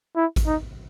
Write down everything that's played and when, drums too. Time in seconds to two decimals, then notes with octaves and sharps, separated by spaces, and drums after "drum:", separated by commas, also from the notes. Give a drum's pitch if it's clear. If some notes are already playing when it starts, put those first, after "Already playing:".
0.16 E4
0.36 drum: kick A1, hi-hat
0.46 D#4